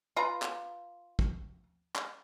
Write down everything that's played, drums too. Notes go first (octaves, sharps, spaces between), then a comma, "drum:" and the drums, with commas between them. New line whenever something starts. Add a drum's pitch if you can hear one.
F4 B4 F5 A#5
drum: clap
drum: kick
drum: clap